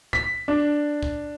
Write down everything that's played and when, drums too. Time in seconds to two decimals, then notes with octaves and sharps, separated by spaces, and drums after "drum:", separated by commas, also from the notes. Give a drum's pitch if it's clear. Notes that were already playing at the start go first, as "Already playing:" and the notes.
0.13 B6, drum: kick
0.48 D4
1.03 drum: kick